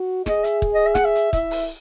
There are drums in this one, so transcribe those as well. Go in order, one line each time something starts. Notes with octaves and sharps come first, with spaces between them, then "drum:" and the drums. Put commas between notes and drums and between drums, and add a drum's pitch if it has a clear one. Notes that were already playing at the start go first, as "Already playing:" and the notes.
Already playing: F#4
G#4 D#5, drum: snare
E5, drum: hi-hat
drum: kick
D#5
E5
F#5, drum: snare
E5
drum: hi-hat
E4 E5, drum: kick, hi-hat
drum: open hi-hat